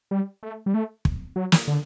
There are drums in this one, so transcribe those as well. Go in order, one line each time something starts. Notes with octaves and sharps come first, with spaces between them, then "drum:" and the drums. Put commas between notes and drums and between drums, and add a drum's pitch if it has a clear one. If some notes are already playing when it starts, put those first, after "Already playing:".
G3
A3
G3
A3
drum: kick
F#3
drum: snare
D3